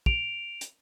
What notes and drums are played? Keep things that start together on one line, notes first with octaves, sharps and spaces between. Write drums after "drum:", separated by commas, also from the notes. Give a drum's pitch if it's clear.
D7 F7, drum: kick
drum: hi-hat